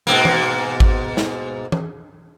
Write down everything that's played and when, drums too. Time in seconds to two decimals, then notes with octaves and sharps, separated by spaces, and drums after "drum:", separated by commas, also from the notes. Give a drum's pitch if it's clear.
0.07 G#2 B2 A#3
0.25 drum: tom E3
0.80 drum: kick G#1
1.17 drum: snare
1.72 drum: tom E3